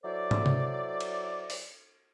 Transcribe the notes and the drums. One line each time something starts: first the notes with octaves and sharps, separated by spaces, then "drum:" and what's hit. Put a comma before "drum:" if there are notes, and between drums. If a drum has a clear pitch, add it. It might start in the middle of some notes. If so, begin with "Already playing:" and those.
F#3 E4 A4 C5 D5
drum: tom
drum: tom C3
drum: cymbal
drum: open hi-hat